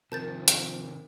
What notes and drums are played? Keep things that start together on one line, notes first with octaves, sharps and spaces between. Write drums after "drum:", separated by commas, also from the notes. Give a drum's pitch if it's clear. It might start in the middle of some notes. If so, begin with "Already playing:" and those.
C3 D#3 F3 C4 A#4 A5 G6 A6
drum: hi-hat